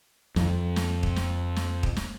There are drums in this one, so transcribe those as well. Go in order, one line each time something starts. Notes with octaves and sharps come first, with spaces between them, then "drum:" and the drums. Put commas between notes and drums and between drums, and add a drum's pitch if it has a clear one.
F2 F3, drum: snare
drum: snare
drum: kick
drum: snare
drum: snare
drum: kick
drum: snare